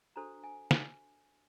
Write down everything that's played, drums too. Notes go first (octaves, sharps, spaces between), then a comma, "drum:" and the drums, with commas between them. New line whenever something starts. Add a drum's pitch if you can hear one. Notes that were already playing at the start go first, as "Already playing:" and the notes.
D4 F#4 A4 C5 A#5
G#5
G#5, drum: snare